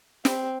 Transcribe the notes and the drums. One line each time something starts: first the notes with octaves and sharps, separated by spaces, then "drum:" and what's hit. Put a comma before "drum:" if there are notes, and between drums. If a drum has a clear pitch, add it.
C4, drum: snare